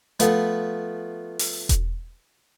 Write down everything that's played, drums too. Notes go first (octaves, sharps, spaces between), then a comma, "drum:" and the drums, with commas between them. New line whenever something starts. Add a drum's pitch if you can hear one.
F3 A3 B3, drum: hi-hat
drum: open hi-hat
drum: kick E1, hi-hat